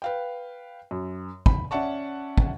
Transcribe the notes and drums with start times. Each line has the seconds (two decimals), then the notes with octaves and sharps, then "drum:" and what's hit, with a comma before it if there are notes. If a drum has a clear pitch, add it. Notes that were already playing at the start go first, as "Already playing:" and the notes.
0.02 B4 F5 G5
0.91 F#2
1.46 B5, drum: kick
1.71 C#4 D5 E5 F#5 A5 C#6
2.37 drum: kick